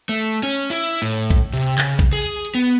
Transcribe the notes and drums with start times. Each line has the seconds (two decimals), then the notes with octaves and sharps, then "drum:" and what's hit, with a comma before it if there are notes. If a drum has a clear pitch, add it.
0.09 A3
0.43 C#4
0.70 E4
0.85 drum: hi-hat
1.02 A2
1.30 drum: kick B1, hi-hat
1.53 C3
1.78 C#3, drum: clap
1.99 drum: kick B1, hi-hat
2.13 G#4
2.22 drum: hi-hat
2.45 drum: hi-hat
2.55 B3